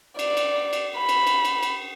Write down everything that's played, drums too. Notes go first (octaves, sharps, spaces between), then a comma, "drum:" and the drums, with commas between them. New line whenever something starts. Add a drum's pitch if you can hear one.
D5, drum: cymbal
drum: cymbal
drum: cymbal
B5
drum: cymbal
drum: cymbal
drum: cymbal
drum: cymbal